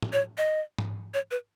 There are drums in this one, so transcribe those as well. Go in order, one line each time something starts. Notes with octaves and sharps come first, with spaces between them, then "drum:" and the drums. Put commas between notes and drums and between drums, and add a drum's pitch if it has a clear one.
drum: tom
C#5
D#5
drum: tom G#2
C#5
B4